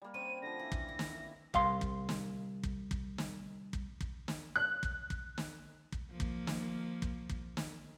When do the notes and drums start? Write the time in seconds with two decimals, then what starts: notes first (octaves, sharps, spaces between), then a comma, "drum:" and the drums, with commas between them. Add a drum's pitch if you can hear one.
0.02 G3 A#3
0.14 C4 C#4 D#7
0.42 D3 F3 A#6
0.59 E3 E4
0.72 drum: kick
0.88 E4
0.99 drum: snare
1.54 C2 F5 C6, drum: kick
1.81 drum: kick
2.09 drum: snare
2.63 drum: kick
2.91 drum: kick
3.18 drum: snare
3.73 drum: kick
4.01 drum: kick
4.28 drum: snare
4.56 F#6
4.83 drum: kick
5.10 drum: kick
5.38 drum: snare
5.92 drum: kick
6.11 F3 A#3
6.20 drum: kick
6.47 drum: snare
7.02 drum: kick
7.29 drum: kick
7.57 drum: snare